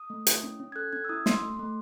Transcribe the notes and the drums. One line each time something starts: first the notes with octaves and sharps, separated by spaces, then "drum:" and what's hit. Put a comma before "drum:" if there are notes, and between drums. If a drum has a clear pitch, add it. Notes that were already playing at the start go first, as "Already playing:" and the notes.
Already playing: D#6
A3
E4, drum: hi-hat
C#4
C#4
G#6
A4 F#6
C#4 G#6
E6
E4 D#6
A3 C6, drum: snare
A3
A3